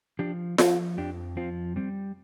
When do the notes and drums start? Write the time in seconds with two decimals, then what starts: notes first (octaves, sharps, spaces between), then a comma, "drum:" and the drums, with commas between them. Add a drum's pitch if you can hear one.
0.19 F3 D4 G4
0.58 F3 F4 A4, drum: snare F4
0.98 F2 D4 G4
1.37 F3 C4 F4
1.76 G3 C4